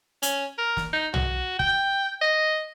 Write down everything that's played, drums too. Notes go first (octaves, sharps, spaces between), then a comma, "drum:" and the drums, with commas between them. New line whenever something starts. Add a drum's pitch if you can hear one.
C#4, drum: hi-hat
A#4
drum: snare
D#4
F#4, drum: tom
G5, drum: kick
D#5